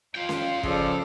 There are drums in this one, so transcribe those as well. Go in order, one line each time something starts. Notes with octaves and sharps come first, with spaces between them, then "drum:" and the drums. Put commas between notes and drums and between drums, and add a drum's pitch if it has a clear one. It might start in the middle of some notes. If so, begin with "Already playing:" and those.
F4 F5 G5
drum: snare C#4
C#3 F3 A4 D5, drum: kick